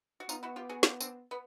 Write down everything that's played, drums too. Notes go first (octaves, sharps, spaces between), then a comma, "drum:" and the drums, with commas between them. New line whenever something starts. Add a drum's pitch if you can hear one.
F#4
B3 D#4 F4, drum: tambourine
E4 F#4
F4 G4
F#4 G#4
F4 G4, drum: snare
C4 D4, drum: tambourine
B3